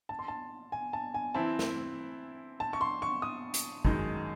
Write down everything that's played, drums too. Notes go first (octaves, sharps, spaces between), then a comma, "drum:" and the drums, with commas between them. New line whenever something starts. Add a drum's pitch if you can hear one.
A5
C6
A5
G#5
A5
G#5
E3 C4 E4 A5
drum: snare
A5
C#6
C6
C#6
D#6
drum: hi-hat
F#2 D#3 G#3 D#4, drum: kick